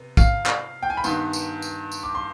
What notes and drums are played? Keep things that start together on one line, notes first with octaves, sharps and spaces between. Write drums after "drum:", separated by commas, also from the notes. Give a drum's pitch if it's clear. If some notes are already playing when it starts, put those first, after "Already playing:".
Already playing: C3 B3
F5, drum: kick, tambourine
drum: clap
G5
G#5
B5
G2 D#3 B3 C6, drum: tambourine
drum: tambourine
drum: tambourine
drum: tambourine
D6
C6